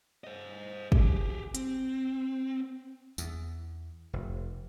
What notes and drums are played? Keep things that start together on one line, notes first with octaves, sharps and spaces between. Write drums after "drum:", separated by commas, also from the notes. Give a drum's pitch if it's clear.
C5 D#5
G4 G#4, drum: kick
C4, drum: hi-hat
E2, drum: tambourine
F1